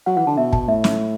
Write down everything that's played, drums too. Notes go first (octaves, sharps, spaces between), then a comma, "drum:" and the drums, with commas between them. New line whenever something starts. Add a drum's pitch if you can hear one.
F#3 F#5
E3 F#5
D3 A5
B2 E5
A5, drum: kick
A2 E5
drum: snare